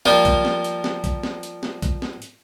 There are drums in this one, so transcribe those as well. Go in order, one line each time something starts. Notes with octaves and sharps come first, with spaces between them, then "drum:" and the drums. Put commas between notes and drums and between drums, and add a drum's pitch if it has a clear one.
F3 G3 A#3 F4, drum: snare
drum: kick B1, hi-hat
drum: snare
drum: hi-hat
drum: snare
drum: kick B1, hi-hat
drum: snare
drum: hi-hat
drum: snare
drum: kick B1, hi-hat
drum: snare
drum: hi-hat